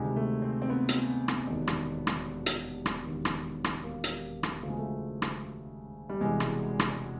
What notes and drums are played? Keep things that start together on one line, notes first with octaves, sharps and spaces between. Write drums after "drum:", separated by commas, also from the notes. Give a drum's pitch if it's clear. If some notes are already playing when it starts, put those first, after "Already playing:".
Already playing: D2 C3 D#3 G#3
A3
C4
C4
B3
drum: hi-hat
drum: rim click
E1 D#2 D#3
drum: rim click
drum: rim click
drum: hi-hat
drum: rim click
E1 D#2 D#3
drum: rim click
drum: rim click
A#3
drum: hi-hat
drum: rim click
D2 C#3 F3 A3
G#3
A3
drum: rim click
G3
E1 E2 C3 E3 G#3
drum: rim click
drum: rim click